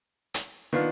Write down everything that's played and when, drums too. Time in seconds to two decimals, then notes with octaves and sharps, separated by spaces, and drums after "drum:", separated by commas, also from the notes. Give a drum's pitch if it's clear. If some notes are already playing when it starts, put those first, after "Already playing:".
0.34 drum: hi-hat
0.73 D#3 B3 D4 F4